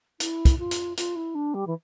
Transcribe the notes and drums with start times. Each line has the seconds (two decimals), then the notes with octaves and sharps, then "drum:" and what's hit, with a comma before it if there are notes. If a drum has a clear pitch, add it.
0.20 E4, drum: hi-hat
0.45 drum: kick, hi-hat
0.59 F4
0.71 drum: hi-hat
0.97 F4, drum: hi-hat
1.16 E4
1.35 D4
1.54 G3
1.67 E3